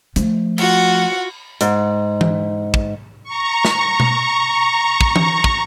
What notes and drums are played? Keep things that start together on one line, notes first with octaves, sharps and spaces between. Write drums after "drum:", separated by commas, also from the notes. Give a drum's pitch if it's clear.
F3 A3, drum: hi-hat
F4 F#4 F#5, drum: cymbal
G#2, drum: hi-hat
drum: tom E3
drum: kick
A#5 C#6
drum: snare
drum: tom B2
drum: kick
drum: tom E3
drum: kick